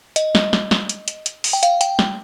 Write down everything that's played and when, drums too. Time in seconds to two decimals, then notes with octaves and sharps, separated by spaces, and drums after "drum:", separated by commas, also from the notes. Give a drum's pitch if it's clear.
0.16 D#5, drum: hi-hat
0.35 drum: snare
0.53 drum: snare
0.71 drum: snare
0.89 drum: hi-hat
1.08 drum: hi-hat
1.26 drum: hi-hat
1.44 drum: open hi-hat
1.53 G5
1.63 F5, drum: hi-hat
1.81 G5, drum: hi-hat
1.99 drum: snare